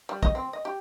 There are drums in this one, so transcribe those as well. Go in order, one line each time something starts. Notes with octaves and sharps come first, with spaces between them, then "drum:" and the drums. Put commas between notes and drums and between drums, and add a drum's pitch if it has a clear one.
G3
D#5, drum: kick
C4
D#5
G4